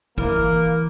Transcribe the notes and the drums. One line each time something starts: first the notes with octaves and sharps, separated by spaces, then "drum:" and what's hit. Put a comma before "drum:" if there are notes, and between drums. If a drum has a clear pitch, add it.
E3 A#3 A#4, drum: kick